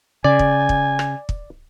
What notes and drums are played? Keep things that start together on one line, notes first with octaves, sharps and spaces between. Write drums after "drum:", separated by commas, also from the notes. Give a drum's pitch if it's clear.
C#3 D5 G#5
drum: kick
drum: kick
drum: rim click
drum: kick